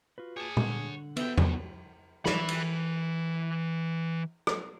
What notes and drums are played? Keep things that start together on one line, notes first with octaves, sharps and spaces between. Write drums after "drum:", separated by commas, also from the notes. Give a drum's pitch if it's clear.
F4 F#4 B4
G#4 C#5 A5
D3 F#5, drum: tom A#2
E2 B3 E5 G5, drum: cymbal
B2 D#3 F#3, drum: tom E2
E3 B5, drum: snare
drum: cymbal
drum: rim click